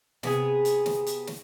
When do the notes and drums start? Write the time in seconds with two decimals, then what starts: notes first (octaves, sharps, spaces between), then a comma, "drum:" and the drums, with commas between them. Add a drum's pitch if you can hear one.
0.23 C3 B3 G#4, drum: snare
0.65 drum: hi-hat
0.86 drum: snare
1.07 drum: hi-hat
1.27 drum: snare